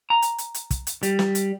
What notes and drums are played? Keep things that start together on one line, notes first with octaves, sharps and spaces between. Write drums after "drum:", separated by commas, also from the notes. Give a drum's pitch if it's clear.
A#5
drum: hi-hat
drum: hi-hat
drum: hi-hat
drum: kick, hi-hat
drum: hi-hat
G3, drum: hi-hat
drum: snare
drum: hi-hat